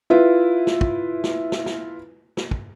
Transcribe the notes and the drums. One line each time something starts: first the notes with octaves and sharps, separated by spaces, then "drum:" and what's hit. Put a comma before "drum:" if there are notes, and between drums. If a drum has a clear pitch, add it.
E4 F4 B4
drum: snare
drum: kick
drum: snare
drum: snare
drum: snare
drum: snare
drum: kick